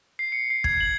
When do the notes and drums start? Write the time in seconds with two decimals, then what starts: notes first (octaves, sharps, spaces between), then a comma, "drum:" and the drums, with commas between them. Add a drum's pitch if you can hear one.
0.19 C7
0.32 C#7
0.50 C7
0.64 G#6, drum: kick
0.80 F#7